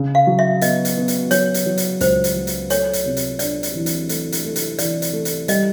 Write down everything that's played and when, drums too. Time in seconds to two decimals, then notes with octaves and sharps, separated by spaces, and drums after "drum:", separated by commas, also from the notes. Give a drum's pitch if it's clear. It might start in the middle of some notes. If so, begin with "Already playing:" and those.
Already playing: C#3
0.15 F5
0.27 F#3
0.39 E5
0.61 B3 D#5, drum: hi-hat
0.85 drum: hi-hat
0.97 B3
1.08 drum: hi-hat
1.31 F#3 C#5, drum: hi-hat
1.54 drum: hi-hat
1.66 F#3
1.77 drum: hi-hat
2.01 C#2 C5, drum: hi-hat
2.24 drum: hi-hat
2.36 F#3
2.47 drum: hi-hat
2.70 A3 C#5, drum: hi-hat
2.93 drum: hi-hat
3.05 C3
3.17 drum: hi-hat
3.39 D4 D5, drum: hi-hat
3.63 drum: hi-hat
3.75 E3
3.86 drum: hi-hat
4.09 A3, drum: hi-hat
4.32 drum: hi-hat
4.44 A3
4.56 drum: hi-hat
4.79 E3 D5, drum: hi-hat
5.02 drum: hi-hat
5.13 A3
5.25 drum: hi-hat
5.48 G3 D#5, drum: hi-hat